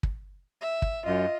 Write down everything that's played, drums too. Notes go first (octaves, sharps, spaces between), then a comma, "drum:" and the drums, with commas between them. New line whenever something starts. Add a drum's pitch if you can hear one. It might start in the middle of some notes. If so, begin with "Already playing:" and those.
drum: kick
E5
drum: kick
F#2 F4 D#5